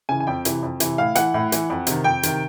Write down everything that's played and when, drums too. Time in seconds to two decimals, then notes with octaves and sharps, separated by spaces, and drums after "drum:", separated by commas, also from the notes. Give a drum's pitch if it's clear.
0.09 C#3 E3 G#5
0.20 G#5
0.27 F2 G5
0.45 C3 E3, drum: hi-hat
0.63 F2
0.80 C3 E3, drum: hi-hat
0.98 A2 F5
1.15 E3 F#5, drum: hi-hat
1.34 A2
1.52 E3, drum: hi-hat
1.70 F2
1.87 C3 D#3, drum: hi-hat
2.04 F2 G5
2.23 C3 D#3, drum: hi-hat